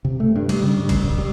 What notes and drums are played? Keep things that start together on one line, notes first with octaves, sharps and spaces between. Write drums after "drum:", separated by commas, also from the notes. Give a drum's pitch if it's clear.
C3
A3
G2
G3, drum: cymbal
C#3
G2
C#3, drum: kick G1, cymbal
D#1
G3